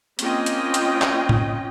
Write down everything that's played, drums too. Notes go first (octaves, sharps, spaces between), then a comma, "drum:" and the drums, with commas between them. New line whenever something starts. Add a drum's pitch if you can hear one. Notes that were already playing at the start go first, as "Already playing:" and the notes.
A#3 C4 C#4 F4 D#5 G5, drum: hi-hat
drum: hi-hat
drum: hi-hat
drum: clap
drum: tom A2